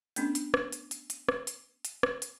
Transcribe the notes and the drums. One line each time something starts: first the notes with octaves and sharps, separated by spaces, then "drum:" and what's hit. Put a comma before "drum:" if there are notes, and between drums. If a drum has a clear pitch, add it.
A3 B3 C#4 D4, drum: hi-hat
drum: hi-hat
drum: rim click
drum: hi-hat
drum: hi-hat
drum: hi-hat
drum: rim click
drum: hi-hat
drum: hi-hat
drum: rim click
drum: hi-hat